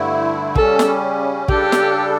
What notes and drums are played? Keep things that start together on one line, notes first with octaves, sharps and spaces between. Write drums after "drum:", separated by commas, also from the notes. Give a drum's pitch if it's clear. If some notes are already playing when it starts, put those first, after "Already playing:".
Already playing: G2 D3 A3 E4
C#3 G3 C#4 A4, drum: kick
drum: snare
C#3 G3 D4 G4 A4, drum: kick
drum: snare